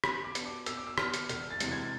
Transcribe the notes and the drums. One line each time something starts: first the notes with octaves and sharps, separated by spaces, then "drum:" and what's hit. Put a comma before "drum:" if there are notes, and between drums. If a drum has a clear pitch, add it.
B2 B5, drum: rim click
D6
B3 D4, drum: hi-hat
D6
B2 E6, drum: hi-hat
D6
E6
B3 D4 F6, drum: rim click
drum: hi-hat
E1, drum: hi-hat
A6
E2 C3 E3 G#3, drum: hi-hat
G#6